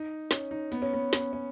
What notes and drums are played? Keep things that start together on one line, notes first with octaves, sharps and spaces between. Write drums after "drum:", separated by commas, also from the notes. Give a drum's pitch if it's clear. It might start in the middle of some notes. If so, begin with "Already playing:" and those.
Already playing: D#4
C#4, drum: snare
D#4
B3, drum: tambourine
C#4
B3
C#4, drum: snare
C#4